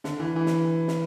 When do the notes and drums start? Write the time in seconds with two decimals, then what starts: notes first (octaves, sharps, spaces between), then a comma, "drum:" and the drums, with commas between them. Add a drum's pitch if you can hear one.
0.04 D3, drum: snare
0.20 E3
0.36 E3
0.46 drum: snare
0.88 drum: snare